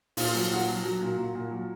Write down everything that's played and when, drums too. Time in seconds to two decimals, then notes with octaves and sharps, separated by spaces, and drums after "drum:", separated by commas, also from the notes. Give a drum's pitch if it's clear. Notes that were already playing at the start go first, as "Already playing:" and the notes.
0.17 A#2 F4, drum: open hi-hat
0.35 F#3
0.50 A#2 F#4
0.68 F#3
0.84 F#3
1.02 A#2
1.17 A#2
1.35 A#2
1.51 F#3